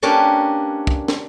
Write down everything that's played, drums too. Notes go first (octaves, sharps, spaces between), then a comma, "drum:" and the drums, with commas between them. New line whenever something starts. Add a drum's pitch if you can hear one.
A#3 C#4 D4 G4 A#4 B4
drum: kick
drum: snare